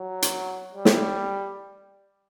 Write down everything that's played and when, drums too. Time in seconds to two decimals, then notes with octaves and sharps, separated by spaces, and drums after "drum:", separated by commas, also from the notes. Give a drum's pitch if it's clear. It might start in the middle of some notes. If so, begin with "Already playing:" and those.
Already playing: F#3
0.22 drum: hi-hat
0.74 G3
0.85 drum: snare